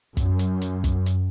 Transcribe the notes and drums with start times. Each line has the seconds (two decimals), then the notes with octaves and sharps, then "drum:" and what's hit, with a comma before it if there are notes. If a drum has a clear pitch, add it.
0.17 F#2, drum: kick, hi-hat
0.39 drum: hi-hat
0.61 drum: hi-hat
0.84 drum: kick, hi-hat
1.06 drum: hi-hat